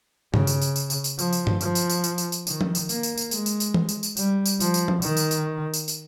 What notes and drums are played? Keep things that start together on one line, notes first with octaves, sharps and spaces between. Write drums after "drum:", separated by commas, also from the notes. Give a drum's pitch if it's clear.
C#3, drum: tom G2
drum: tambourine
drum: tambourine
drum: tambourine
drum: tambourine
drum: tambourine
F3, drum: tambourine
drum: tambourine
drum: tom G2
F3, drum: tambourine
drum: tambourine
drum: tambourine
drum: tambourine
drum: tambourine
drum: tambourine
D#3, drum: tambourine
drum: tom F3
drum: tambourine
A#3, drum: tambourine
drum: tambourine
drum: tambourine
G#3, drum: tambourine
drum: tambourine
drum: tambourine
drum: tom E3
drum: tambourine
drum: tambourine
G3, drum: tambourine
drum: tambourine
F3, drum: tambourine
drum: tambourine
drum: tom F3
D#3, drum: tambourine
drum: tambourine
drum: tambourine
drum: tambourine
drum: tambourine